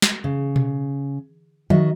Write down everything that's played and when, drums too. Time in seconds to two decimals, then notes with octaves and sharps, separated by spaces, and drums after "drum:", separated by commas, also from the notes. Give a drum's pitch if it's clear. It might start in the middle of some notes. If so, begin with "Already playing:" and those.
0.02 drum: snare
0.24 C#3
0.56 drum: tom B2
1.70 D#3 F#4 D#5 E5, drum: tom F3